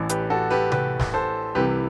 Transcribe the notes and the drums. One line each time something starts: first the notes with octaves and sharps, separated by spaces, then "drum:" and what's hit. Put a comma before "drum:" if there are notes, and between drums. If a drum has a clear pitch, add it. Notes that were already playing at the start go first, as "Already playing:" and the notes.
Already playing: A1 A2 E3
G4 B4, drum: hi-hat
F#4 A4
G4 B4
G4 B4, drum: tom C3
drum: snare
A4 C5
C2 C3 E3 G4 B4